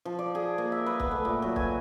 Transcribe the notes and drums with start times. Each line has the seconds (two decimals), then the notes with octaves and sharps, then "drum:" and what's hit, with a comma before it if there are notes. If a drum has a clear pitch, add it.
0.05 F3
0.19 D5
0.35 G#4
0.58 A#3
0.72 E5
0.86 B4
1.00 B3, drum: kick
1.11 A3
1.25 A#2
1.42 F#3
1.56 G#5, drum: kick